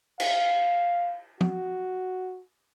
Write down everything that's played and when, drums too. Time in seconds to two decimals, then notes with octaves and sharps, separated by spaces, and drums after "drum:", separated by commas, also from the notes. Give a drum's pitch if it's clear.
0.20 F5, drum: cymbal
1.41 F#4, drum: tom